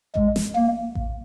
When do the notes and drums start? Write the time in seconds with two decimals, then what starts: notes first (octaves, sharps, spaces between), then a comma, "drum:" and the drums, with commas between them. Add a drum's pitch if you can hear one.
0.16 G#3, drum: kick A1
0.36 drum: snare
0.55 A#3
0.95 drum: kick A1